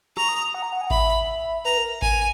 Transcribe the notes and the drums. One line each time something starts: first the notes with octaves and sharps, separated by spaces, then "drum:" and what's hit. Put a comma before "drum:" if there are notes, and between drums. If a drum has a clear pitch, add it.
A#5 C#6, drum: rim click
D#6
D#6
F#5
A#5
F#5
G#5
F#5
E5 B5, drum: kick G#1
B4 A#5
A#4
G#5, drum: kick G#1